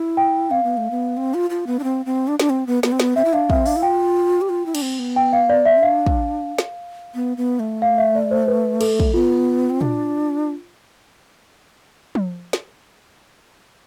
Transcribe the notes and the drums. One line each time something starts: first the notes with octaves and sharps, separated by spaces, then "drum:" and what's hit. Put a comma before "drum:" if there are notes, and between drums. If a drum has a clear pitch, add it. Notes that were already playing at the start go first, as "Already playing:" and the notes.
Already playing: E4
G5
C4 F5
B3
A3
B3
C4
F4
F4
B3
D4
C4
C4
D4
D4, drum: snare
C4
B3
B3, drum: snare
C4
B3, drum: snare
C4 E5
E4
D4 F5
C4 E5, drum: kick
D4 F5, drum: open hi-hat
E4
F4 G5
G4
F4
E4
D4, drum: cymbal
C4
B3
G5
F5
D5
E5
D4 F5
drum: kick
drum: snare
B3
B3
A3
F5
E5
D5
C5
B4
A4, drum: cymbal
drum: kick
B3 F4
C4
D4, drum: tom A#2
drum: tom F3
drum: snare